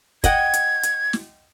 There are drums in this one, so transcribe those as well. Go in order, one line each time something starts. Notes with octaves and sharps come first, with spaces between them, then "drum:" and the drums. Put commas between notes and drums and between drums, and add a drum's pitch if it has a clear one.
D#5 F#5 G5 G#6, drum: kick, hi-hat
drum: hi-hat
drum: hi-hat
drum: snare